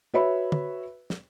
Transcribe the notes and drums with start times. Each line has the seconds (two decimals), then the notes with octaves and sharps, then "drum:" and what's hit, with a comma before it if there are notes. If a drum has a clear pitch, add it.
0.14 F#4 B4 C#5 E5 B5
0.52 drum: tom
1.10 drum: snare